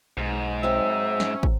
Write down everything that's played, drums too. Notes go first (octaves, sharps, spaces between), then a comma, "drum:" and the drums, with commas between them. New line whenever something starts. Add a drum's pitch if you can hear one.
B1 G#2
F#3 C4 E5
C#4, drum: snare
drum: kick